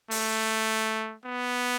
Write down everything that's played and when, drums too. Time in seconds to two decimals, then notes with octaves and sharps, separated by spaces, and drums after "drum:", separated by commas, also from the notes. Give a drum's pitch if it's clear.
0.11 A3, drum: open hi-hat
1.26 B3